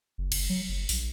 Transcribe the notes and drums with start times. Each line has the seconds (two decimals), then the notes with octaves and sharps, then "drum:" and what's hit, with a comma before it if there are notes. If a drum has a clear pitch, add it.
0.18 F#1
0.32 F#1, drum: cymbal
0.50 F#3
0.69 F#1
0.89 A#1, drum: open hi-hat